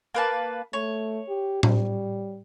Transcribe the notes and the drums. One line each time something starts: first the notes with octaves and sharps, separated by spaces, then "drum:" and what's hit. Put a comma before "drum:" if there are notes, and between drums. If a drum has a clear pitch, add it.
A#3 B4 A5
A3 C#5
G4
G3, drum: tom A2